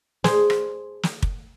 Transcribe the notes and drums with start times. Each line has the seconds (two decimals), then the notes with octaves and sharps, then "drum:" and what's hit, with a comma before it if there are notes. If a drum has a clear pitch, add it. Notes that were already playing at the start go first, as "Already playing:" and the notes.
0.24 G#4 C5, drum: snare
0.50 drum: rim click
1.03 drum: snare
1.22 drum: kick